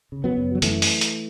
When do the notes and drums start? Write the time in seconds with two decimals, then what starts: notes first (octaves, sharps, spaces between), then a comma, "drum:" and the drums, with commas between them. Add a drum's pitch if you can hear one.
0.12 C#3
0.24 F#3 B3
0.37 F#2
0.55 F#3
0.62 F#2 E3 A3, drum: hi-hat
0.82 drum: open hi-hat
1.01 drum: hi-hat